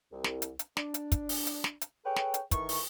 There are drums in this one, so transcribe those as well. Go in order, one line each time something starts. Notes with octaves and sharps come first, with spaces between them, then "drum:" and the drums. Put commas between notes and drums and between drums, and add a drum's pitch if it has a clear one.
C2
drum: snare
drum: hi-hat
drum: hi-hat
D4, drum: snare
drum: hi-hat
drum: kick, hi-hat
drum: open hi-hat
drum: hi-hat
drum: snare
drum: hi-hat
G#4 A4 B4 C#5 G5
drum: snare
drum: hi-hat
D#3 E3 A3 C#6, drum: kick, hi-hat
drum: open hi-hat